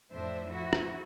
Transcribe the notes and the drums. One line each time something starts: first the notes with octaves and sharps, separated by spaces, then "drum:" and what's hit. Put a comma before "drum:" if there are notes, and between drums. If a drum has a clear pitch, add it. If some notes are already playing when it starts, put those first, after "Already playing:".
F2 A2 F3 D4 C5 E5
F3 E4 F#4
drum: rim click